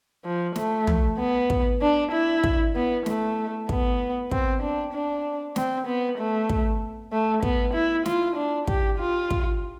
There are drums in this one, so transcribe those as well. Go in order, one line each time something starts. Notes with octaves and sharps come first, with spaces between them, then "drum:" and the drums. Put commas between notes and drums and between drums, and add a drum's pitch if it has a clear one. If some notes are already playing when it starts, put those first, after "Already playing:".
F3
A3, drum: snare
drum: tom
B3
drum: kick
D4
E4
drum: kick
B3
A3, drum: snare
B3, drum: kick
C4, drum: kick
D4
D4
C4, drum: snare
B3
A3
drum: kick
A3
B3, drum: kick
E4
F4, drum: snare
D4
G4, drum: kick
F4
drum: kick